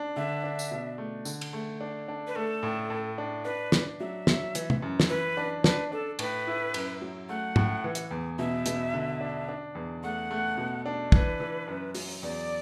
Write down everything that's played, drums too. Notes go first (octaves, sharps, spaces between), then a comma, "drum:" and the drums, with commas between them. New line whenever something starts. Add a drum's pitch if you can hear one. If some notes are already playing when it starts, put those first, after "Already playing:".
Already playing: D4
D3 E5
D4
drum: tambourine
B2
A3
D3, drum: tambourine
drum: cymbal
A3
D4
D4
B4
A3 A4
A2
A2
D4
D4 B4
D4, drum: snare
F#3 E5
F#3, drum: snare
E3, drum: hi-hat
drum: tom
F#2
drum: snare
E3 B4
D4
D4 B4, drum: snare
D4 A4
A2 B4, drum: cymbal
E4
F#2, drum: cymbal
F#3
A3 F#5
A2, drum: tom
E3
drum: hi-hat
E2
B2 E5
B2, drum: hi-hat
D3
D4
D4
E2
A3 F#5
A3
B2
D4
E3 B4, drum: kick
E3
F#2
F#3, drum: open hi-hat
E2 D5